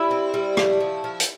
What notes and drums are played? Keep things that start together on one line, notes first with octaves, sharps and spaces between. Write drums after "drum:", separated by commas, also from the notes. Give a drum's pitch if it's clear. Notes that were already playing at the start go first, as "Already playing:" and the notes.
Already playing: G3 E4
C4
G3
A3, drum: rim click
F3
F3
drum: hi-hat